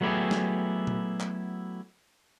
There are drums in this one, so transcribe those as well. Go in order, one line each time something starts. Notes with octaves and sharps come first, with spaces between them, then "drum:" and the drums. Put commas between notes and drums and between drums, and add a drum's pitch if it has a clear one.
F#3 A3 B3 E4 G4 G#4
drum: snare
drum: tom A#2
drum: clap